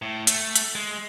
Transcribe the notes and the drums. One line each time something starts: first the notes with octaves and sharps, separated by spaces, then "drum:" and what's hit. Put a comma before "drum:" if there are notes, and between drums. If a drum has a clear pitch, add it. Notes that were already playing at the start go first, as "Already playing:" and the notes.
A2
A3, drum: hi-hat
drum: hi-hat
G#3